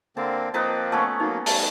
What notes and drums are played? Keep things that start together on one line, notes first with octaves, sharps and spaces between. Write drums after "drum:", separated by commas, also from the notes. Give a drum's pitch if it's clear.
D3 A#3 C4 A5
F3 A#3 C4 D#4 B4 A5
A3 B3 C#4 A5
F#3 A#3 D#4
G3 A5, drum: open hi-hat